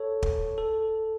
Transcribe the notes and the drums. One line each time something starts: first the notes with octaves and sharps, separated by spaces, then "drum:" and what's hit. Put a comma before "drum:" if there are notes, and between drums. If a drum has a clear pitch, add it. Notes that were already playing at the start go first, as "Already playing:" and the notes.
Already playing: A4 C#5
drum: kick
A4